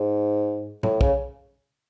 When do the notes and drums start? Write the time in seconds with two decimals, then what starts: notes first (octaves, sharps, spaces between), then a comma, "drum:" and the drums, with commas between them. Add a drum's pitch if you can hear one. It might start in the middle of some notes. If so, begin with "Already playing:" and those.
Already playing: G#2
0.83 A2, drum: tom A2
1.01 C#3, drum: kick